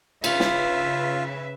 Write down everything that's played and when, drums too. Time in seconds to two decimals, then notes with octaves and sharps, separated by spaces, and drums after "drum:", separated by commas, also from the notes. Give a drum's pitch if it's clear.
0.24 C#3 F4 B4 E5, drum: cymbal
0.40 drum: snare